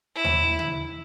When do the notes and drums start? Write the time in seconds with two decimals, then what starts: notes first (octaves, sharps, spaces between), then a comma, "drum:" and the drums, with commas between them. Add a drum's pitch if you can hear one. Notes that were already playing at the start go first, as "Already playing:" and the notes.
0.15 E4
0.24 drum: tom D#2
0.59 drum: tom C#3